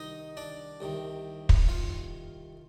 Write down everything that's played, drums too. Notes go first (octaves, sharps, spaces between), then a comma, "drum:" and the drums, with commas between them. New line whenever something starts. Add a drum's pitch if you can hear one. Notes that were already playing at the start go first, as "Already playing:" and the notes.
Already playing: C2 D#3 D#4 D#5
D4 D5
C2 C3 D#3
drum: kick
F4 F5